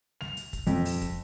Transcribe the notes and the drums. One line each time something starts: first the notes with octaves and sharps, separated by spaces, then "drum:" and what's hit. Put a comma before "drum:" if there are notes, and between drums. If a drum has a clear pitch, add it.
F7, drum: snare G3
drum: hi-hat
drum: kick, hi-hat
F2, drum: hi-hat
drum: open hi-hat
drum: kick, hi-hat